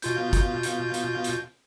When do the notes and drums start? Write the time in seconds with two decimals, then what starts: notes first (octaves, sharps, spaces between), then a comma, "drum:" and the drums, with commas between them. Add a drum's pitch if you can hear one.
0.02 B2 F4 G6, drum: hi-hat
0.33 drum: kick, hi-hat
0.63 drum: hi-hat
0.94 drum: hi-hat
1.24 drum: hi-hat